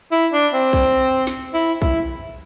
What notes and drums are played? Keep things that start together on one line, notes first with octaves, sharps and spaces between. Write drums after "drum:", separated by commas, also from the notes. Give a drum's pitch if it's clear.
E4
D4
C4
drum: kick A#1
drum: snare
E4
E4, drum: kick A#1